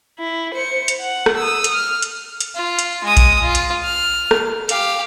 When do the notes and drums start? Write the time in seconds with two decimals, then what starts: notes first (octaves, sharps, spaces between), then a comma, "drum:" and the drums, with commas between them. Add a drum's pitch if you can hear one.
0.20 E4
0.54 C5 C#7
0.88 drum: hi-hat
1.01 F#5
1.26 drum: rim click
1.37 D#6 E6
1.64 drum: hi-hat
1.74 F6
2.02 drum: hi-hat
2.40 drum: hi-hat
2.55 F4
2.79 drum: hi-hat
3.04 G#3 D#6
3.17 drum: kick A#1, hi-hat
3.42 F4
3.55 drum: hi-hat
3.84 F6
4.31 drum: rim click
4.69 G4 F5, drum: hi-hat